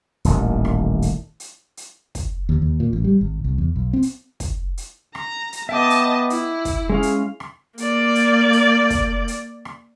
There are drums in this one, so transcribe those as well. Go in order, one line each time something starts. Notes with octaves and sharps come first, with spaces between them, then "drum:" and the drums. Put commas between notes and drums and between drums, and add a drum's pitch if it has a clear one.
D#1 A1 D#3, drum: hi-hat
drum: rim click
drum: hi-hat
drum: hi-hat
drum: hi-hat
drum: kick, hi-hat
D#2
D#2
A#2
A1
G3
G#1
C2
E2
B1
C4
drum: hi-hat
drum: kick, hi-hat
drum: hi-hat
A#5, drum: rim click
drum: hi-hat
B3 D#5 E5 G5 A5 D6
drum: hi-hat
E4, drum: hi-hat
drum: kick, hi-hat
G#3 C#4 G#4 F5
drum: hi-hat
drum: rim click
A#3 D5, drum: hi-hat
drum: hi-hat
drum: hi-hat
drum: kick, hi-hat
drum: hi-hat
drum: rim click